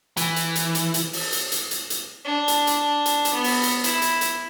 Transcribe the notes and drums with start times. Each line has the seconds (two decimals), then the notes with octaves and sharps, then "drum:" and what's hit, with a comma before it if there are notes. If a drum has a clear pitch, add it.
0.17 E3, drum: hi-hat
0.36 drum: hi-hat
0.55 drum: hi-hat
0.75 drum: hi-hat
0.94 drum: hi-hat
1.13 drum: open hi-hat
1.32 drum: hi-hat
1.52 drum: hi-hat
1.71 drum: hi-hat
1.90 drum: hi-hat
2.25 D4
2.48 drum: hi-hat
2.67 drum: hi-hat
3.06 drum: hi-hat
3.25 drum: hi-hat
3.34 B3
3.44 drum: open hi-hat
3.63 drum: hi-hat
3.84 E4, drum: hi-hat
4.02 drum: hi-hat
4.21 drum: hi-hat